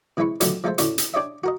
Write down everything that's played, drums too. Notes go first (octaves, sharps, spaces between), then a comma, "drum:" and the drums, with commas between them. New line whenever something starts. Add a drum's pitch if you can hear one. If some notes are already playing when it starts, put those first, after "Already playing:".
C3 E3 G#3 E5 B5 C#6
A#2 D3 D#3 F#3 A3 B3, drum: hi-hat
F3 G#3 A3 A4 C5 E5
D2 A2 C#4 D4 E5 C#6, drum: hi-hat
drum: hi-hat
D4 G4 C#5 D#5 E5
F#4 A#4 D#5